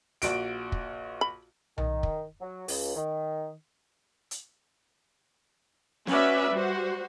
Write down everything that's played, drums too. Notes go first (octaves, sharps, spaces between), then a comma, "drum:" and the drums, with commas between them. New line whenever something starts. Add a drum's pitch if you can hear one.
A#1 F#4 D7, drum: hi-hat
drum: kick
B5
D#3, drum: tom B1
drum: kick
F#3
C#2, drum: open hi-hat
D#3
drum: hi-hat
C#4 F#4 B4 D5 E5, drum: snare
G3 F#4 C5